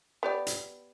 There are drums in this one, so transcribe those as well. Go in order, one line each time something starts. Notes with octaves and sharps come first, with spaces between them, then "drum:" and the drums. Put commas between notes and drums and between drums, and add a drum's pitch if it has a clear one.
B3 G4 D5
drum: hi-hat